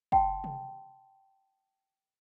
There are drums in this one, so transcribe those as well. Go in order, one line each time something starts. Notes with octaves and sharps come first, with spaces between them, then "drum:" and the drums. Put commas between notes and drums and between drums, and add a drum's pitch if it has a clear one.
F#5 G5 A5 C6, drum: kick
drum: tom C3